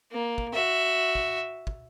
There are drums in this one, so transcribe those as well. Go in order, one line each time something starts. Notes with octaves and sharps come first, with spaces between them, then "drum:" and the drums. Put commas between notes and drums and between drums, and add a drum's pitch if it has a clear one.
A#3
drum: kick
F#4 E5
drum: kick
drum: kick